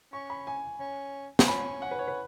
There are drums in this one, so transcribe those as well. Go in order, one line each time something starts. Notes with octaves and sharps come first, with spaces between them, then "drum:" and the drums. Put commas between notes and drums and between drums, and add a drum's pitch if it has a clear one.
C#4 C#6
B5
G#5
C#4
G#5, drum: snare
C#4 B5
G#5
F#5
B4
C#5
B4